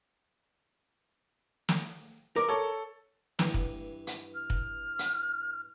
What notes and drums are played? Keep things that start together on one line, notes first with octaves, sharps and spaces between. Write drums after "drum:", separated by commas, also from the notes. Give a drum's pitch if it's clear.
drum: snare
A#4 D5 D6
A4 C#5
G2 E3 G3, drum: snare
drum: kick
drum: hi-hat
F6
drum: kick
drum: hi-hat